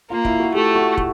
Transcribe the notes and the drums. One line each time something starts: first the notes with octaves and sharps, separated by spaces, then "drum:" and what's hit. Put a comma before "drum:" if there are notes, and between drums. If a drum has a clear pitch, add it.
A#3 F4
E4, drum: kick
F#4
A3 G4
F#4
drum: kick